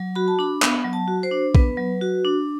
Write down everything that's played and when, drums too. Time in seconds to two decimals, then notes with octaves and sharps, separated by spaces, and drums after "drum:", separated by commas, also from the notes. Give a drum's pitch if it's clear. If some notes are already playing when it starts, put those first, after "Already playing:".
Already playing: F#3
0.15 F#4 B5
0.28 A5
0.39 D4 B5
0.62 B3 B5, drum: clap
0.84 F#3
0.93 A5
1.08 F#4
1.23 C5
1.31 D4
1.55 B3 B4, drum: kick
1.77 F#3
2.01 F#4
2.25 D4